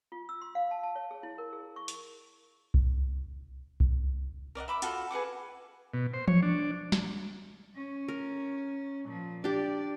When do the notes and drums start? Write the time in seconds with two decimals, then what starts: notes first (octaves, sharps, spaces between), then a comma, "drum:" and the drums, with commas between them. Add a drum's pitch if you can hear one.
0.12 F4
0.29 E6
0.42 C6
0.55 F5
0.71 A5
0.83 A5
0.96 C#5
1.11 G#4
1.23 E4
1.38 A#4
1.53 G#4
1.76 C#6
1.88 drum: hi-hat
2.74 drum: kick C2
3.80 drum: kick C2
4.55 A#4 D5 D#5 F#5
4.68 E5 B5 D6
4.82 F4 F#4 A4, drum: hi-hat
5.10 G#4 B4 F#5 D6
5.94 B2
6.14 C5
6.28 C#5, drum: tom E3
6.43 D4
6.92 drum: snare
7.75 C#4
8.08 A#4
9.05 A#2 F3
9.44 D4 G4 D5